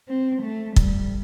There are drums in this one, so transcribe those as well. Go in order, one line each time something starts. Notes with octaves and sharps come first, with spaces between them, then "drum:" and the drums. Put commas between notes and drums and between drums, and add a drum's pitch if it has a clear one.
C4
A3
G3, drum: kick